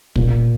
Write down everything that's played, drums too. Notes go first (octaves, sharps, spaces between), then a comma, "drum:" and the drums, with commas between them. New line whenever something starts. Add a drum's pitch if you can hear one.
A#2, drum: kick